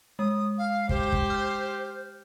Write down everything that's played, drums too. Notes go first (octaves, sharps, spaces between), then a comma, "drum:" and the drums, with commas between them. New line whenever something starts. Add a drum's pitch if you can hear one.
G#3 D#6
F5
G4 C5, drum: kick
drum: kick
F6 G6